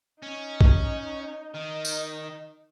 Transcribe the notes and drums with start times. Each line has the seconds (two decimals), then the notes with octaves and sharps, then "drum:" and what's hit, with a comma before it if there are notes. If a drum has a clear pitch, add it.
0.23 C#4 D#4
0.61 drum: kick
1.54 D#3 D#4
1.85 drum: tambourine